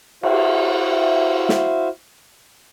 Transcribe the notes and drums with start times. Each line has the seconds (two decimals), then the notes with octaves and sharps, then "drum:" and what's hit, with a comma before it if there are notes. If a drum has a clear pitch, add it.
0.23 E4 F#4 C5 E5 F5, drum: cymbal
1.49 drum: snare